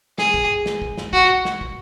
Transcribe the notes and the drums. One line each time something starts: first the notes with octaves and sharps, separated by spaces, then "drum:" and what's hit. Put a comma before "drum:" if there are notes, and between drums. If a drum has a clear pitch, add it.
G#4, drum: snare
drum: kick
drum: snare
drum: kick
drum: snare
F#4, drum: kick
drum: snare
drum: kick